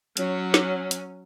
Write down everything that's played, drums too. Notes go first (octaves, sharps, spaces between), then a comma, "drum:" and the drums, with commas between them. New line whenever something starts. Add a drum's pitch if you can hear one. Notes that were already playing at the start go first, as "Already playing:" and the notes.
F#3 C#4, drum: hi-hat
drum: snare
drum: hi-hat